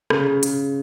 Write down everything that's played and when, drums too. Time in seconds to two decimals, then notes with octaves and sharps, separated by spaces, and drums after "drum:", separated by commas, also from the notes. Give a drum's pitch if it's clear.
0.10 C#3, drum: rim click
0.27 C#3
0.43 C#3, drum: hi-hat